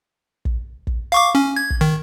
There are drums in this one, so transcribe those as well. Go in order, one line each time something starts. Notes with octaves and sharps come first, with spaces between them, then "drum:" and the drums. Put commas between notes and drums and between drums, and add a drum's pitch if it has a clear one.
drum: kick
drum: kick
F5 C#6 D6
C#4
G#6
drum: kick
D#3